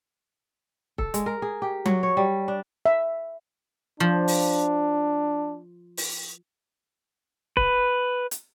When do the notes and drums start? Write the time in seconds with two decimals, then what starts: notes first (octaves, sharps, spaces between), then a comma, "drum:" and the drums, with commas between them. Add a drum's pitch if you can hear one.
0.98 A4, drum: kick C#1
1.14 G#3, drum: hi-hat
1.26 A#4
1.42 G#4
1.62 G4
1.85 F#3, drum: tom F#3
2.03 C#5
2.17 G3
2.48 D4
2.86 E5
4.00 F3 D4
4.28 drum: open hi-hat
5.97 drum: open hi-hat
7.57 B4, drum: kick C#1
8.31 drum: hi-hat